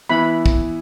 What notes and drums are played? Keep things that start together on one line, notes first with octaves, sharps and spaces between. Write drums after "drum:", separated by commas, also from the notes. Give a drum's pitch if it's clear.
E3 B3 E4 B5
drum: kick